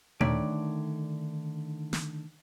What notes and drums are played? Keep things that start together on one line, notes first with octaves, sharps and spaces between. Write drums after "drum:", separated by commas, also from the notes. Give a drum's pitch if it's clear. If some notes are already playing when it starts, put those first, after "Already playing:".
D3 D#3 A3 C#5 D5, drum: tom
drum: snare